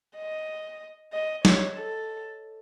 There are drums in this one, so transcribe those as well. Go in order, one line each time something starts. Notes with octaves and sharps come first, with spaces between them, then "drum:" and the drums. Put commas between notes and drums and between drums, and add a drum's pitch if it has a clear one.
D#5
D#5
C#5, drum: snare
A4